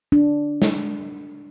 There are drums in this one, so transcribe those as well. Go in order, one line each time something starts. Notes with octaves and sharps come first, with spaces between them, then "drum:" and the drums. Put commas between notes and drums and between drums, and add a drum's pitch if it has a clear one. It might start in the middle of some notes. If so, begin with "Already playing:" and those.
D4
drum: snare